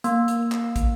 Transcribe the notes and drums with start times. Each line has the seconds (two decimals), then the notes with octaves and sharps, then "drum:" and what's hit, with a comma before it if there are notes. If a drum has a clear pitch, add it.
0.04 A#3, drum: hi-hat
0.28 drum: hi-hat
0.52 drum: clap
0.76 drum: kick, hi-hat